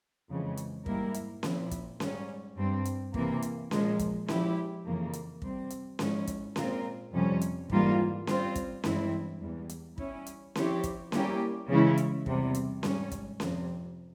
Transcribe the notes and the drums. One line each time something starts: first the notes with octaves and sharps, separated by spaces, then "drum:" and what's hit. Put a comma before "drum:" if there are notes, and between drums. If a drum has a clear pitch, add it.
F2 C#3 E3 G#3
drum: hi-hat
G#2 G3 A#3 E4 A#4, drum: kick
drum: hi-hat
A#2 F3 C4 E4, drum: snare C#4
drum: kick, hi-hat
G#2 G3 C#4, drum: snare C#4
G2 G3 C4
drum: hi-hat
C3 E3 A#3, drum: kick
drum: hi-hat
A#2 F3 G#3, drum: snare C#4
drum: kick, hi-hat
F3 G#3 E4 G4, drum: snare C#4
F2 C#3 E3 A#3
drum: hi-hat
C3 G3 C4, drum: kick
drum: hi-hat
G#2 F3 G#3 C#4 E4, drum: snare C#4
drum: kick, hi-hat
A#2 G#3 C4 F4 A#4, drum: snare C#4
F2 C3 G3 C#4
drum: hi-hat
G#2 E3 G3 A#3 F4, drum: kick
G3 C4 F4 C5, drum: snare C#4
drum: kick, hi-hat
G2 E3 G#3 C4 E4, drum: snare C#4
E2 E3 G3
drum: hi-hat
G3 C#4 E4, drum: kick
drum: hi-hat
F3 C4 E4 G4 C#5, drum: snare C#4
drum: kick, hi-hat
G3 A#3 C#4 E4 G4, drum: snare C#4
C#3 E3 G#3 C#4 E4
drum: hi-hat
E2 C3 G3, drum: kick
drum: hi-hat
G#2 G3 C#4, drum: snare C#4
drum: kick, hi-hat
F2 C3 F3, drum: snare C#4